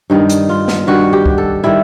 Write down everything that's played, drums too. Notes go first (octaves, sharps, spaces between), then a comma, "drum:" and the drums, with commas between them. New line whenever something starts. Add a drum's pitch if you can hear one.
G2 D#3 G3 D#4
drum: hi-hat
F4
drum: snare
G2 D#3 G3 F#4
G4
drum: kick C2
A4
D#3 G3 E4